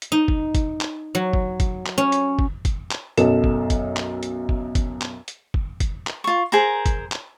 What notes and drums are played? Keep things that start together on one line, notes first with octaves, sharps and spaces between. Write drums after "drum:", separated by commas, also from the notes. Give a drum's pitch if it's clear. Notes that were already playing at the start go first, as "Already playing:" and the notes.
drum: hi-hat
D#4
drum: kick
drum: kick, hi-hat
drum: clap
F#3
drum: kick
drum: kick, hi-hat
drum: clap
C#4
drum: hi-hat
drum: kick
drum: kick, hi-hat
drum: clap
B1 F#2 A4 E7, drum: hi-hat
drum: kick
drum: kick, hi-hat
drum: clap
drum: hi-hat
drum: kick
drum: kick, hi-hat
drum: clap
drum: hi-hat
drum: kick
drum: kick, hi-hat
drum: clap
F4 C#6
G#4 A#4 C5 A#5
drum: kick, hi-hat
drum: clap